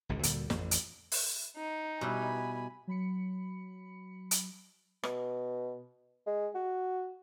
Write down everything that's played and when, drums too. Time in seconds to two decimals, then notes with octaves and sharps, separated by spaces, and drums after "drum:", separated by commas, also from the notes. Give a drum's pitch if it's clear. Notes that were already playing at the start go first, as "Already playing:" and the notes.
0.09 G#1 C#2 D3
0.23 D2 A#2 D3 G3, drum: hi-hat
0.50 A1 F2, drum: snare
0.71 drum: hi-hat
1.12 drum: open hi-hat
1.56 D#4
2.01 B2 G3 E4 G#5 B5
2.87 F#3 B5 C#7
4.31 drum: hi-hat
5.03 B2, drum: rim click
6.27 G#3
6.55 F#4